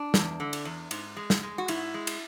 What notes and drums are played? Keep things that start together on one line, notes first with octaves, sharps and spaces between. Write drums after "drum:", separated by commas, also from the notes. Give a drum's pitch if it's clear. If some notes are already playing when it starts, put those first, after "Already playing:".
Already playing: D4
E2, drum: snare
D3
drum: cymbal
E2
G#2, drum: cymbal
G#3
drum: snare
G#3
F#4
G#2 E4, drum: cymbal
G#3
drum: cymbal